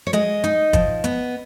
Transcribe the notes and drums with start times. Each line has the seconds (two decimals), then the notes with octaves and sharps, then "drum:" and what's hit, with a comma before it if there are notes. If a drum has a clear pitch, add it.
0.07 C#5
0.13 G#3 D#5, drum: hi-hat
0.44 D#4, drum: hi-hat
0.73 F3, drum: kick, hi-hat
1.04 B3, drum: hi-hat